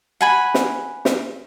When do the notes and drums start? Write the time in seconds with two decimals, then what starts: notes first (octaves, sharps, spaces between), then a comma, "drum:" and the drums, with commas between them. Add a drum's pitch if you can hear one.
0.21 F#5 G#5 B5
0.54 drum: snare
1.05 drum: snare